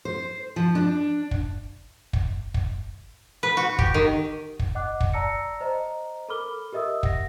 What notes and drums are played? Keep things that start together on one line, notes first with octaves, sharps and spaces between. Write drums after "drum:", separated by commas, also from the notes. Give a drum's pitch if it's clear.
C5
F3
D4
drum: kick
drum: kick
drum: kick
B4
F#4
G4, drum: kick
D#3
drum: kick
D#5 F#5 D6 F#6
drum: kick
D5 A5 A#5 E6 A#6 C#7
C5 D#5 A#5
A4 A#4 B5 D6 F6 G7
G4 A#4 D#5 E5 D#6 E6
F#5 A#6, drum: kick